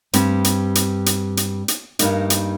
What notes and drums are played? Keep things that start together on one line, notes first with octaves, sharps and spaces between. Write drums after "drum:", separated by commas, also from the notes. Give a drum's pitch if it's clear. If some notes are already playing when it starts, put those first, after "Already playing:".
G2 G3 C4, drum: hi-hat
drum: hi-hat
drum: hi-hat
drum: hi-hat
drum: hi-hat
drum: hi-hat
G2 G3 A#3 D#4, drum: hi-hat
drum: hi-hat